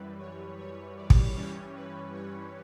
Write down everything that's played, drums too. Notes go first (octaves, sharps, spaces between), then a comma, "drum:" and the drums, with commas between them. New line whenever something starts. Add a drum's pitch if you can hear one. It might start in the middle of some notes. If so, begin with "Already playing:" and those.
Already playing: F#2 E3 G3 B4
C#5
C#5
D5
drum: kick
G2 E3 G3 C#4 C#5
B4
C#5